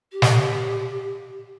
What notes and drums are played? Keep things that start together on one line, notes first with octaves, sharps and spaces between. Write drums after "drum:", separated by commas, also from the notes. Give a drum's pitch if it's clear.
G4
drum: snare